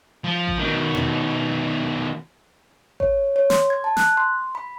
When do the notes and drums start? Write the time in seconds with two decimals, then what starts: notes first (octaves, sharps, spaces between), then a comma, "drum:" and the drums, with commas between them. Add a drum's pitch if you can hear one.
0.24 F3
0.47 drum: kick A1
0.59 B2 D#3
0.95 drum: tom B2
3.00 C#5, drum: kick A1
3.36 C#5
3.50 C6, drum: snare
3.70 G#6
3.84 A5
3.97 F#6, drum: snare
4.17 C6
4.55 B5